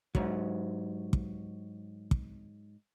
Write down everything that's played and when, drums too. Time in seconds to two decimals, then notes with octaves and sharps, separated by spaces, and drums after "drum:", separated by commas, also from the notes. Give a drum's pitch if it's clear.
0.15 G#2 F#3, drum: kick
1.13 drum: kick
2.11 drum: kick